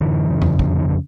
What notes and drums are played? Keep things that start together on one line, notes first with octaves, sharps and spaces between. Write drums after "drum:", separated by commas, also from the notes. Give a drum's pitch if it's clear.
F#2 D3 E3
C#3
drum: tom E2
F2 D3, drum: kick
D#3
D3